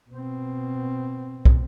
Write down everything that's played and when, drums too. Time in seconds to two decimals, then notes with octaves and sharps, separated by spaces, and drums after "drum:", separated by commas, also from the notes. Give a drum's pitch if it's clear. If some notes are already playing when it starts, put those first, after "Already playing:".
0.10 B2 C4
1.45 drum: kick